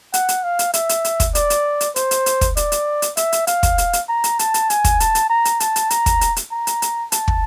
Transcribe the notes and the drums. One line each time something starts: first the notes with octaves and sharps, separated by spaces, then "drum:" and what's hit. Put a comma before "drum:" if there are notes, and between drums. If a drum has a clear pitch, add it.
F#5, drum: hi-hat
drum: hi-hat
F5
drum: hi-hat
E5, drum: hi-hat
drum: hi-hat
drum: hi-hat
drum: kick, hi-hat
D5, drum: hi-hat
drum: hi-hat
drum: hi-hat
C5, drum: hi-hat
drum: hi-hat
drum: hi-hat
drum: kick, hi-hat
D5, drum: hi-hat
drum: hi-hat
drum: hi-hat
E5, drum: hi-hat
drum: hi-hat
F5, drum: hi-hat
drum: kick, hi-hat
drum: hi-hat
drum: hi-hat
A#5
drum: hi-hat
A5, drum: hi-hat
drum: hi-hat
G#5, drum: hi-hat
drum: kick, hi-hat
A5, drum: hi-hat
drum: hi-hat
A#5
drum: hi-hat
A5, drum: hi-hat
drum: hi-hat
A#5, drum: hi-hat
drum: kick, hi-hat
drum: hi-hat
drum: hi-hat
A#5
drum: hi-hat
drum: hi-hat
A5, drum: hi-hat
drum: kick